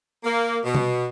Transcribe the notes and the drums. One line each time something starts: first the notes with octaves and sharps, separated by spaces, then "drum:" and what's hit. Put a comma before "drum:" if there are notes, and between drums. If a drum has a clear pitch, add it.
A#3
B2
drum: tom B2